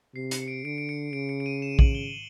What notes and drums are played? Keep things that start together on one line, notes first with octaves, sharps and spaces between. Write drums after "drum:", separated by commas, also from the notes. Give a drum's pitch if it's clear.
C3 C7
C#7, drum: hi-hat
C#7
D7
D3 D7
D7
C#7
C#3 D7
C#7
D7
D#7
E7
F#7, drum: kick A#1
G7